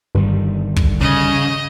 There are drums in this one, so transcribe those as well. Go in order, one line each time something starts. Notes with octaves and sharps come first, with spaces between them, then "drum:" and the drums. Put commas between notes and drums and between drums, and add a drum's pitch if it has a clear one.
G1 G2 D#3 G3
drum: kick
C#3 D#5